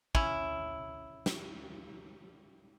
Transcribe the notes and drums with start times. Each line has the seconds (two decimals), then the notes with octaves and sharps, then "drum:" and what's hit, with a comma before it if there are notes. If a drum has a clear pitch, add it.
0.15 C#4 E4, drum: kick
1.26 drum: snare